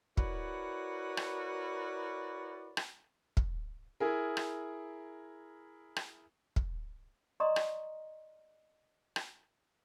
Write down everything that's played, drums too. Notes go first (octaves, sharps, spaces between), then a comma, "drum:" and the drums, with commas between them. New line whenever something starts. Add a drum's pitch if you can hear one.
E4 F#4 A#4 B4 C#5 D5, drum: kick
drum: rim click
drum: rim click
drum: kick
E4 G#4 A#4
drum: rim click
drum: rim click
drum: kick
D5 D#5 A#5 C6 C#6 D#6
drum: rim click
drum: rim click